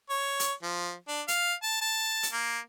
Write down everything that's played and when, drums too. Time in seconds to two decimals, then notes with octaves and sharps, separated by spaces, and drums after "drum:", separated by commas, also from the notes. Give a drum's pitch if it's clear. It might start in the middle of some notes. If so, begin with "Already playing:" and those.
0.10 C#5
0.40 drum: hi-hat
0.63 F3
1.08 D4
1.28 F5, drum: hi-hat
1.63 A5
1.81 A5
2.23 drum: hi-hat
2.32 A#3